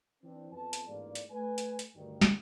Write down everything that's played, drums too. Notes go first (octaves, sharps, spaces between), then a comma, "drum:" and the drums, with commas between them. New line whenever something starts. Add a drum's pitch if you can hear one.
E3 C4 D4
F2 B3 A5
drum: hi-hat
A1 E2 G#2 A#3 F4 D5
drum: hi-hat
A3 B4 G#5
drum: hi-hat
drum: hi-hat
D2 G2 D#3
drum: snare